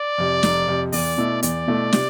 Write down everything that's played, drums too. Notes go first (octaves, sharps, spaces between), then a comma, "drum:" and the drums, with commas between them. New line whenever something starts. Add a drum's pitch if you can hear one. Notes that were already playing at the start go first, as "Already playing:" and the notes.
Already playing: D5
F2 C3
F1, drum: snare
F2 C3
E2 D5, drum: open hi-hat
B2 A3 E4
E2 D5, drum: hi-hat
B2 A3 E4
C3, drum: snare